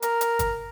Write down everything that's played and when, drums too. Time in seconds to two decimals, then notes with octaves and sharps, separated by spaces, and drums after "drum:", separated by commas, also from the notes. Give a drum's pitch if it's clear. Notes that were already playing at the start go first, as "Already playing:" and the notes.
0.02 A#4, drum: hi-hat
0.21 drum: hi-hat
0.39 drum: kick, hi-hat